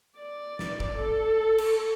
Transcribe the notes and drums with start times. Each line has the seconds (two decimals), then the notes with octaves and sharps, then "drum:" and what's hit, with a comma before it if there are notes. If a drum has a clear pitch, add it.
0.18 D5
0.59 drum: snare
0.80 drum: kick
0.98 A4
1.58 drum: cymbal